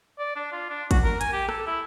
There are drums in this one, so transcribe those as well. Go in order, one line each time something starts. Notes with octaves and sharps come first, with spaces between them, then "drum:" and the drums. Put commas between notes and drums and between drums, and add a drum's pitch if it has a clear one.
D5
D4
F4
D4
F#4, drum: kick, hi-hat
A#4
G#5, drum: hi-hat
G4
A4, drum: rim click
E4